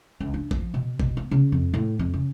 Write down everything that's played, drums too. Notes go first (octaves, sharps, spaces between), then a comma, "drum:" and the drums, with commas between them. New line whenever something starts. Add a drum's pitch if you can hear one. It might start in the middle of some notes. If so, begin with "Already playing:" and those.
C#2
D4
F3, drum: kick G#1
B2
B2, drum: kick G#1
B3
C#3
F2
A2
F2
C#3